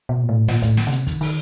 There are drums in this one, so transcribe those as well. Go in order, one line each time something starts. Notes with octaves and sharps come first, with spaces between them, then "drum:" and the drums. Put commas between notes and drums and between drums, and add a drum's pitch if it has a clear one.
B2
A#2
A2
A#2, drum: snare
A2, drum: kick, hi-hat
drum: snare
C#3
C3, drum: hi-hat
D#3, drum: kick, hi-hat
D#3, drum: open hi-hat